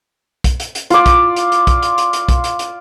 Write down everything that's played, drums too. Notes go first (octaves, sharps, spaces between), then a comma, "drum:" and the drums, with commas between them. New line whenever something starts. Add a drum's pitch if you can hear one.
drum: kick B1, hi-hat
drum: hi-hat
drum: hi-hat
F4 D5, drum: hi-hat
drum: kick B1, hi-hat
drum: hi-hat
drum: hi-hat
drum: kick B1, hi-hat
drum: hi-hat
drum: hi-hat
drum: hi-hat
drum: kick B1, hi-hat
drum: hi-hat
drum: hi-hat